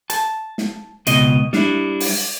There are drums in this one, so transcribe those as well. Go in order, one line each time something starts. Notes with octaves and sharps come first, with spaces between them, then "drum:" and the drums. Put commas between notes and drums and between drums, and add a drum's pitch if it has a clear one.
A5, drum: hi-hat
drum: snare
C#2 B2 D#5, drum: hi-hat
G3 D4 E4, drum: snare
drum: open hi-hat